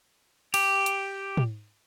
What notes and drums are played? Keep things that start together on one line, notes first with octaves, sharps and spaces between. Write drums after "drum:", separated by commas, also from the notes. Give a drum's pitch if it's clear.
G4, drum: cymbal
drum: hi-hat
drum: tom